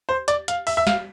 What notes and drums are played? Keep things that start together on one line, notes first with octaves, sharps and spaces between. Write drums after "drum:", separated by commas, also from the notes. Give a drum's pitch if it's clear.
C5
D5, drum: hi-hat
F5, drum: hi-hat
E5, drum: open hi-hat
E5
F5, drum: snare